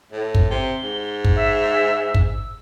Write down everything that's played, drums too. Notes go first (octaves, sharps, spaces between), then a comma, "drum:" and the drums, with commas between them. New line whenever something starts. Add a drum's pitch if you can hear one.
A2
drum: kick
C3 G7
G#2
drum: kick
E5
drum: kick
E6